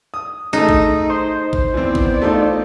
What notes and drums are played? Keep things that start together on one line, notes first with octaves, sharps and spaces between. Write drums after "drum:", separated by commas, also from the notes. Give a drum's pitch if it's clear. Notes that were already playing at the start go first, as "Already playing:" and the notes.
D#6
A3 D#4 G#4
drum: kick A1
C5
drum: kick A1
E3 B3 C4 D5
drum: kick A1
A3 D#4 F4